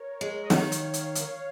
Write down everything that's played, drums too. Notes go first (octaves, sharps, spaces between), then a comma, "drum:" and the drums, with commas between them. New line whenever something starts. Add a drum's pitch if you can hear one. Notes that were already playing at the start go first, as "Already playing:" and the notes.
Already playing: A#4 C#5
G#3
D#5
D#3 C#5 F5, drum: snare
drum: hi-hat
drum: hi-hat
drum: hi-hat